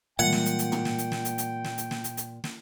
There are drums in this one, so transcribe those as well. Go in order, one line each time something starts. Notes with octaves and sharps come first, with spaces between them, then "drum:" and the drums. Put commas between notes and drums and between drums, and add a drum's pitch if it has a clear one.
A#2 E3 G3 G#3 F#5 G5
drum: snare
drum: hi-hat
drum: hi-hat
drum: tom
drum: snare
drum: hi-hat
drum: snare
drum: hi-hat
drum: hi-hat
drum: snare
drum: hi-hat
drum: snare
drum: hi-hat
drum: hi-hat
drum: snare